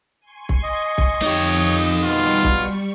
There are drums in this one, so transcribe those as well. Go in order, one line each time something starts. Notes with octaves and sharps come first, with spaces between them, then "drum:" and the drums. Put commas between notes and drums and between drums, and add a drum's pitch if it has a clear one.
G#5 C6 C#6
drum: kick
D#5
drum: kick
F2 D#4 G4 C#5
B2 G3 F4 C#6
drum: kick